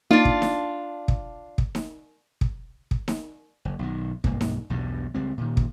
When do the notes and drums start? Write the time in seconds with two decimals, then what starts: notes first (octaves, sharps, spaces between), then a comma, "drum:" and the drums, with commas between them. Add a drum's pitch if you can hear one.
0.11 A#3 D4 D#4 F4
0.25 drum: kick
0.42 drum: snare D#4
1.08 drum: kick
1.58 drum: kick
1.75 drum: snare D#4
2.41 drum: kick
2.91 drum: kick
3.08 drum: snare D#4
3.65 F#1
3.79 B1 D#3
4.24 B1 G2 A#3, drum: kick
4.41 drum: snare D#4
4.70 B1 E2 G2 B2
5.14 C#2 G3 C4
5.38 A#2 D#3
5.57 drum: kick